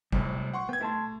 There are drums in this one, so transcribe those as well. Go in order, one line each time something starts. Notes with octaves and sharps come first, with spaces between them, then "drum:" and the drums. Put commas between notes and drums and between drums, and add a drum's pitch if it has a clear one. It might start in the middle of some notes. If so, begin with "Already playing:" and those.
B1 F2 A2 C3 G3, drum: kick F#1
F#5 C6 C#6
B3 G5 G#6
A3 E4 A5 C6